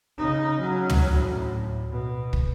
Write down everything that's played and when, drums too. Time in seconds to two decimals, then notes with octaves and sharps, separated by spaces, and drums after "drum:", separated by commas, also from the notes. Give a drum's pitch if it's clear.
0.18 C#3 D#4
0.59 F#3 C#4
0.90 drum: tom
1.12 D2 A2
1.90 B2
2.33 drum: kick